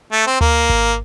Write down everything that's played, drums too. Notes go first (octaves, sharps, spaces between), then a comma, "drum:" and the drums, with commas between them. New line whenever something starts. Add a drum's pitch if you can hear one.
A3
C4
A#3, drum: tom D2
drum: kick G#1